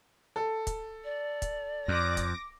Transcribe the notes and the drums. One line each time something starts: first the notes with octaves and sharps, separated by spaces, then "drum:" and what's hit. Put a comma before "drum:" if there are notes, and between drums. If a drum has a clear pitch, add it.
A4
drum: kick, hi-hat
D5
drum: kick, hi-hat
F2 D6 A#6
drum: kick, hi-hat